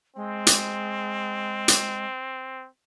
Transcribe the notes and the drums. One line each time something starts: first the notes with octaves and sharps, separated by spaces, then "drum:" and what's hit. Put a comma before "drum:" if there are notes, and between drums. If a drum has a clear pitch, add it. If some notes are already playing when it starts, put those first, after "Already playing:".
G#3 C4
drum: hi-hat
drum: hi-hat